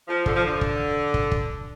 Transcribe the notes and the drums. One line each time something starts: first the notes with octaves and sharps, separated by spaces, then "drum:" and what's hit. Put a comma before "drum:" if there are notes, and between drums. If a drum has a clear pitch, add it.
F3
D3, drum: kick
F3
D3
drum: kick
drum: kick
drum: kick